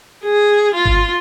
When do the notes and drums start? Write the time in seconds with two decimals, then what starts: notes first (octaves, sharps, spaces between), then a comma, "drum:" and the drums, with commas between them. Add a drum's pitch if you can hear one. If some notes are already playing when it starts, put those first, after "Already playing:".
0.24 G#4
0.74 F4
0.85 drum: kick